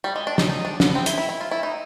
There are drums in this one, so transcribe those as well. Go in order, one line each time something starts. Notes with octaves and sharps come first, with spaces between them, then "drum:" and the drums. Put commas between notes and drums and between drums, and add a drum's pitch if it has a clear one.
G3
G#3
D4
D#4, drum: snare
D#4
D4
B3, drum: snare
C4
E4, drum: hi-hat
E4
E4
F4
E4
D#4